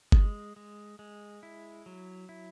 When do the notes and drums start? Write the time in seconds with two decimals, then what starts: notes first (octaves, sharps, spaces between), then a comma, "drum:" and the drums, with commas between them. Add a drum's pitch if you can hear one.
0.12 G#3, drum: kick G1
0.56 G#3
0.99 G#3
1.43 E4
1.86 F#3
2.29 E4